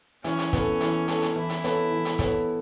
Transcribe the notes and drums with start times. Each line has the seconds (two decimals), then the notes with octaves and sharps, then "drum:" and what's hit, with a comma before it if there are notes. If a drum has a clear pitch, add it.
0.24 E3 C#4, drum: hi-hat
0.39 drum: hi-hat
0.53 B3 A4, drum: kick, hi-hat
0.80 E3, drum: hi-hat
1.08 B3 A4, drum: hi-hat
1.22 drum: hi-hat
1.36 E3 E4
1.50 drum: hi-hat
1.64 B3 A4 C#5, drum: hi-hat
1.91 E3
2.05 drum: hi-hat
2.19 B3 A4 C#5, drum: kick, hi-hat